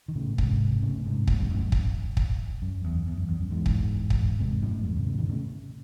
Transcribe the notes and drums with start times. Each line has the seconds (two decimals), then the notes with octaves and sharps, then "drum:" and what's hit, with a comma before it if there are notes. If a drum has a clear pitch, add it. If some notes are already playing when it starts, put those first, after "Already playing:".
0.08 D#3
0.15 A2 C#3
0.38 G#2 C3, drum: kick
0.82 A2 C#3
0.95 A2
1.05 G#2 C3
1.28 F#2 A2, drum: kick
1.38 E2 G#2
1.50 F#2 A2
1.72 drum: kick
2.17 drum: kick
2.62 F#2
2.84 E2
3.06 E2
3.17 F#2
3.28 E2
3.40 F#2
3.51 E2 G#2
3.66 drum: kick
4.10 drum: kick
4.39 G#2 C3
4.62 F#2 A2
4.84 E2 G#2
4.96 G#2 C3
5.06 A2 C#3
5.18 C3 D#3
5.29 A2 C#3